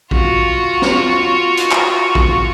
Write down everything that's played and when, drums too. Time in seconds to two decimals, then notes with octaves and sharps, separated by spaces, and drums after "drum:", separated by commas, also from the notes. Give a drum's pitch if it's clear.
0.11 F4 F#4, drum: kick A#1
0.82 drum: snare
1.57 drum: hi-hat
1.71 drum: clap
2.15 drum: kick A#1